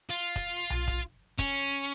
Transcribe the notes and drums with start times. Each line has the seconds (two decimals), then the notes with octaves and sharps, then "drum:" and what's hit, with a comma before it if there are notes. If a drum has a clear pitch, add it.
0.10 F4
0.36 drum: kick, hi-hat
0.70 drum: tom B1
0.87 drum: kick, hi-hat
1.39 C#4, drum: kick, hi-hat